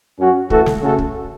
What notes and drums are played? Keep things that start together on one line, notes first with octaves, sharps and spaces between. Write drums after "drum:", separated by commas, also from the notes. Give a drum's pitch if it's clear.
F#2 F#3 C#4 F#4
E3 A3 F#4 A4, drum: kick
drum: snare
C#3 A3 C#4 F#4 A4
drum: kick